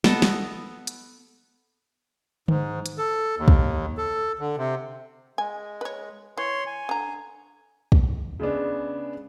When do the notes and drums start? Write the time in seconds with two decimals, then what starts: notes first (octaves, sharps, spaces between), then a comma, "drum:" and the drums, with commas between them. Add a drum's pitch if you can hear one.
0.04 B3 A4 D#5, drum: snare
0.22 drum: snare
0.87 drum: hi-hat
2.48 G#2, drum: tom D3
2.86 drum: hi-hat
2.98 A4
3.38 D#2
3.48 drum: kick
3.97 A4
4.39 D3
4.57 C3
5.38 G#3 G#5
5.81 B4 C#5
6.38 E3 C#5 C6
6.66 G#5
6.89 D3 A#5
7.92 drum: kick
8.40 C#3 G#3 B3 D4